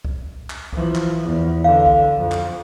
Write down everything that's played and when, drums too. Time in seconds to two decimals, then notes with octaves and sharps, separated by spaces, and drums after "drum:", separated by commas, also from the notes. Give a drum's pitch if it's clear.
0.05 drum: kick C2
0.50 drum: clap
0.73 E3 F3, drum: kick C2
0.95 drum: clap
1.23 E2
1.64 D3 F5
1.86 drum: kick C2
2.17 F2
2.32 drum: clap